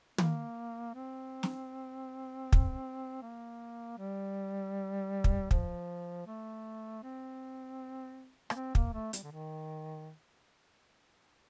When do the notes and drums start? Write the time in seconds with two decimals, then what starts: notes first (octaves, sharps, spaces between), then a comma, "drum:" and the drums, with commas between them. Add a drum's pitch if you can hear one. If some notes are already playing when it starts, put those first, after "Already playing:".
0.18 A#3, drum: tom
0.95 C4
1.43 drum: snare
2.52 drum: kick
3.22 A#3
3.98 G3
5.24 drum: kick
5.51 F3, drum: kick
6.27 A3
7.03 C4
8.50 A#3, drum: rim click
8.56 C4
8.75 A#3, drum: kick
8.94 A3
9.13 G3, drum: hi-hat
9.23 D3
9.32 D#3